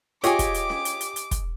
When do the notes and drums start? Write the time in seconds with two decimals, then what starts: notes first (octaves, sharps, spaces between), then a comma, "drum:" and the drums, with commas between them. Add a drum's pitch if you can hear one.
0.24 F4 G4 G#4 C#5 D#5 G#5 D6, drum: hi-hat
0.39 drum: kick, hi-hat
0.54 drum: hi-hat
0.70 drum: snare C#4
0.85 drum: hi-hat
1.01 drum: hi-hat
1.16 drum: hi-hat
1.31 drum: kick, hi-hat